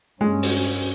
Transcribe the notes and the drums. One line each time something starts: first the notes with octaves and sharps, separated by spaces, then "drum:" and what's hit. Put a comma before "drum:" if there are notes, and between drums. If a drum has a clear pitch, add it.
G2 G#3 C#4
drum: open hi-hat